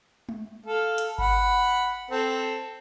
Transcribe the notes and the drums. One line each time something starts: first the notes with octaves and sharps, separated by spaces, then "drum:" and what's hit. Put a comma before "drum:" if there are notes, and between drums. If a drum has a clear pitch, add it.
drum: tom G#3
A4 F5
drum: hi-hat
F#5 B5, drum: kick G#1
C4 A4